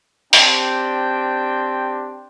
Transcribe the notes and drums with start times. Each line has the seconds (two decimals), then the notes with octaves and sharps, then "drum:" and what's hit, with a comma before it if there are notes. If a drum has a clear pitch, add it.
0.33 C4 D4 G4 G5, drum: open hi-hat